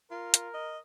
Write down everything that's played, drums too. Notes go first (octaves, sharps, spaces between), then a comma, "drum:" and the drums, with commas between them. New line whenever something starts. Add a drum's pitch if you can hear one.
F4 A#4
drum: hi-hat
D#5